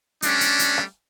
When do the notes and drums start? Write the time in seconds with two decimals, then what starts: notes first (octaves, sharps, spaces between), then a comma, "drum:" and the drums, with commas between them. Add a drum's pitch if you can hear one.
0.22 G3 A3 C#4 D4, drum: hi-hat
0.41 drum: hi-hat
0.59 drum: hi-hat
0.78 drum: rim click